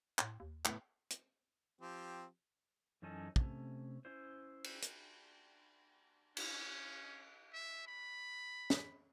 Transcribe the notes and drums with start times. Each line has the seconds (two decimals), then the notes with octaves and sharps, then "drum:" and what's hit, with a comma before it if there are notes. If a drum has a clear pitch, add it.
0.19 A2, drum: clap
0.40 D#2
0.65 A2 B3, drum: clap
1.10 drum: hi-hat
1.81 F3 C4 G4
3.02 F#2 E3 C#4 D#4 A4 G#5
3.36 C3 A3 C#4, drum: kick
4.05 C#4 E4 C5
4.64 drum: cymbal
4.82 drum: hi-hat
6.37 C#4, drum: cymbal
7.53 E5
7.87 B5
8.70 drum: snare